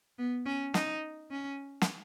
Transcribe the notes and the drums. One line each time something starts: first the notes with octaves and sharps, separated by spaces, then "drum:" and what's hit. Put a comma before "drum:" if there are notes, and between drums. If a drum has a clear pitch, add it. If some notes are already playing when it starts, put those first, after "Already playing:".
B3
C#4
D#4, drum: snare
C#4
drum: snare